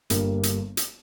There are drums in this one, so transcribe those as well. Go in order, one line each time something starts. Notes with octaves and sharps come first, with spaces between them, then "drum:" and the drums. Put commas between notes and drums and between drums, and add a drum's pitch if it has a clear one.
G1 G2 G3 A#3, drum: hi-hat
drum: hi-hat
drum: hi-hat